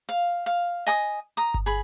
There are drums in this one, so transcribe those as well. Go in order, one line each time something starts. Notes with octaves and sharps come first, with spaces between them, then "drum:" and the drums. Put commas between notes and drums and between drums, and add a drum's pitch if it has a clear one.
F5
F5
D#5 G#5 D#6
A#5 D#6
drum: kick G1
G#4 B5